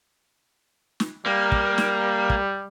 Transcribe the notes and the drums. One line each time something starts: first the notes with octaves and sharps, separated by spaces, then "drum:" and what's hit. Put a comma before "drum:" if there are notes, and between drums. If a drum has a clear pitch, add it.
drum: snare
G3 A#3
drum: kick
drum: snare
drum: kick